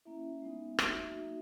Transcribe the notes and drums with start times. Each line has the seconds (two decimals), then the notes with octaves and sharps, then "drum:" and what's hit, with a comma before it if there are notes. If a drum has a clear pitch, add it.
0.05 A#3 C#4 E4 E5
0.42 G#3 B3 D#4
0.79 F#3 A#3 D#4 F#4 E5, drum: rim click
1.16 A#3 D#4 F#4